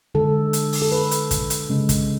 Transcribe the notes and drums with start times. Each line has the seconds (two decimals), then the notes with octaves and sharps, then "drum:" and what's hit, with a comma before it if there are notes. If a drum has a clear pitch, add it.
0.15 D3 G#3 A4
0.53 drum: hi-hat
0.73 drum: open hi-hat
0.82 A4
0.92 B4
1.11 drum: hi-hat
1.31 drum: kick, hi-hat
1.50 drum: hi-hat
1.69 C#3 G#3
1.89 drum: kick, hi-hat